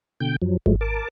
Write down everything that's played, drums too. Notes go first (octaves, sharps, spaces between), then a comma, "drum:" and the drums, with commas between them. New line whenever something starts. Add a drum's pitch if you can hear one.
B2 D3 G5 G6
F#2 F3 F#3
G#2 F3 F#3 G#3 A3, drum: kick G#1
A#4 A5 D6